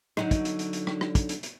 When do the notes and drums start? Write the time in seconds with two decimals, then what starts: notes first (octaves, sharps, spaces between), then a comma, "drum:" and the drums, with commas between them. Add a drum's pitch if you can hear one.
0.17 D3 F#3 D#4, drum: rim click
0.31 drum: kick, hi-hat
0.45 drum: hi-hat
0.59 drum: hi-hat
0.73 drum: hi-hat
0.87 drum: rim click
1.01 drum: rim click
1.15 drum: kick, hi-hat
1.29 drum: hi-hat
1.43 drum: hi-hat